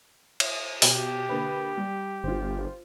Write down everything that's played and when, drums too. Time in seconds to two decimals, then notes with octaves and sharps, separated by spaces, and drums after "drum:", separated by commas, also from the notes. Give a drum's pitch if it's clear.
0.40 drum: cymbal
0.82 B2 G4, drum: open hi-hat
1.29 D3 A#3 B4
1.77 G3
2.24 G1 F4 C5